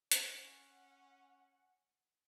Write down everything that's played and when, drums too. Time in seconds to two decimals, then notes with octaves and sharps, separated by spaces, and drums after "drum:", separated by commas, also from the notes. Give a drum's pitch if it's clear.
0.12 C#4 F#5, drum: hi-hat